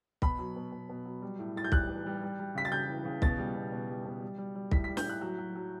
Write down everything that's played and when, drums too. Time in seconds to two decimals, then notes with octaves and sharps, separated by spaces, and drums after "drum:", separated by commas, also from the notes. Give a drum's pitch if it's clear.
0.22 B2 B5, drum: kick
0.39 F#3
0.56 B2
0.72 B2
0.89 B2
1.05 F#3
1.22 G3
1.39 A2
1.56 A2 A6
1.64 G6
1.72 G3 F#6, drum: kick
1.89 E3
2.06 G3
2.23 G3
2.39 G3
2.55 C#3 B6
2.65 A6
2.72 C#3 G6
2.89 E3
3.05 C#3
3.22 B2 A6, drum: kick
3.38 G3
3.55 B2
3.72 B2
3.89 G3
4.05 B2
4.22 G3
4.38 G3
4.55 G3
4.71 A2 B6, drum: kick
4.84 B6
4.88 G3
4.97 G6, drum: snare
5.06 A2 F#6
5.21 F#3
5.38 F#3
5.55 F#3